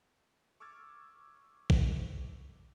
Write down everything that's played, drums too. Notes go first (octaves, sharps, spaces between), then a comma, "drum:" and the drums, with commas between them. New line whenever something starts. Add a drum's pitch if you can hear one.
C#6 D6 E6 F6 G#6 A6
drum: kick A#1